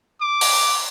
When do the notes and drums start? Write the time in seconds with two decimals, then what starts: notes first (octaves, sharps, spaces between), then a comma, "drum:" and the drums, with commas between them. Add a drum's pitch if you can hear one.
0.21 D6
0.41 drum: open hi-hat